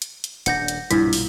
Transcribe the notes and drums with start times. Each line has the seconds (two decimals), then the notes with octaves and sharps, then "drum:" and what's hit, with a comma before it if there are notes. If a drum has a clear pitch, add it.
0.02 drum: hi-hat
0.24 drum: hi-hat
0.46 D#1 D4 F#5 G6 A#6, drum: hi-hat
0.68 drum: hi-hat
0.91 B1 G2 A#2 F3 E4, drum: hi-hat
1.13 drum: open hi-hat